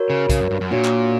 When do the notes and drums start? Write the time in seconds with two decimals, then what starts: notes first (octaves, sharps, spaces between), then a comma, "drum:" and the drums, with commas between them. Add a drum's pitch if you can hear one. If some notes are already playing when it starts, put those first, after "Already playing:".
Already playing: F#4 A#4 C#5
0.10 C#3
0.29 C#3, drum: kick B1, hi-hat
0.40 F#2
0.51 G2
0.61 F#2
0.71 A#2 A#3 D4 F#4 C#5
0.84 drum: clap